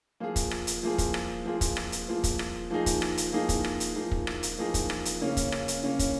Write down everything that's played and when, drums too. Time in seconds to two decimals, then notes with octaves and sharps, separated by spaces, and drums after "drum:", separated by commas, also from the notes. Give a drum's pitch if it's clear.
0.20 F3 A#3 F4 G#4
0.36 drum: kick, hi-hat
0.51 drum: rim click
0.67 drum: hi-hat
0.83 F3 A#3 F4 G#4
0.98 drum: kick, hi-hat
1.14 drum: rim click
1.46 F3 A#3 F4 G#4
1.61 drum: kick, hi-hat
1.77 drum: rim click
1.92 drum: hi-hat
2.08 F3 A#3 F4 G#4
2.24 drum: kick, hi-hat
2.39 drum: rim click
2.71 F3 A#3 D#4 G#4
2.86 drum: kick, hi-hat
3.02 drum: rim click
3.18 drum: hi-hat
3.33 F3 A#3 D#4 G#4
3.49 drum: kick, hi-hat
3.64 drum: rim click
3.80 drum: hi-hat
3.95 F3 A#3 D#4 G#4
4.11 drum: kick
4.27 drum: rim click
4.43 drum: hi-hat
4.58 F3 A#3 D#4 G#4
4.74 drum: kick, hi-hat
4.90 drum: rim click
5.05 drum: hi-hat
5.21 C#3 A#3 C#4
5.37 drum: kick, hi-hat
5.52 drum: rim click
5.68 drum: hi-hat
5.83 C#3 A#3 C#4
5.99 drum: kick, hi-hat